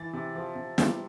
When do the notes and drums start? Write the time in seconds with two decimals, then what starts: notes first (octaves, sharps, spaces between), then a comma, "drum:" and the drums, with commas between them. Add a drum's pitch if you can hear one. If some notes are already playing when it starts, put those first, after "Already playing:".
Already playing: E3 A6
0.13 C3
0.35 F3
0.55 C3
0.78 G3, drum: snare